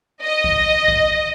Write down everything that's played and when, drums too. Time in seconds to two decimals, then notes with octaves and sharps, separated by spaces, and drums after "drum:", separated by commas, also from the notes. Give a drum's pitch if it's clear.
0.22 D#5
0.44 drum: kick A#1
0.88 drum: kick A#1